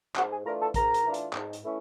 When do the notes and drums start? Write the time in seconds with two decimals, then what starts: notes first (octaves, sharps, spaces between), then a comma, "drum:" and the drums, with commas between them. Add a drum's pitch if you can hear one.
0.16 G#2 F#4 F#5, drum: clap
0.30 G#4 G#5
0.45 E3 A3 D4 F4 A#4 A#5
0.59 A4 A5
0.74 G#2 A#4 A#5, drum: kick A#1, hi-hat
0.94 drum: hi-hat
1.04 E3 A3 D4 F4
1.14 drum: hi-hat
1.33 G#2, drum: clap
1.53 drum: hi-hat
1.62 E3 A3 C#4 E4